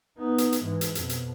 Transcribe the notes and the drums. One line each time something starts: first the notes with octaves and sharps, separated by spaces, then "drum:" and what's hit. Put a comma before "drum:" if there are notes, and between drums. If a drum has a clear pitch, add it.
B3 D#4
drum: hi-hat
drum: hi-hat
G#2 E3
drum: hi-hat
F2 B2, drum: hi-hat
drum: hi-hat